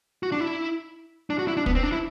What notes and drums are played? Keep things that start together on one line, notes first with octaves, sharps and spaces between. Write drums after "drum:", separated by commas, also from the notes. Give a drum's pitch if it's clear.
F#4
D4
E4
D4
F#4
E4
D4
B3, drum: kick
C4
D4
E4